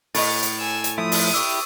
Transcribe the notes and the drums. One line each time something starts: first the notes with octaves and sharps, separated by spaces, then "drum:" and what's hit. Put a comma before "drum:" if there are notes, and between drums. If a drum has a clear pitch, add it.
A2 C#5 D#5 A6 C#7 F7, drum: open hi-hat
drum: hi-hat
G#5 E6
drum: hi-hat
F3 A3 E4 D#6
drum: open hi-hat
E4 G4 C#6 D6 E6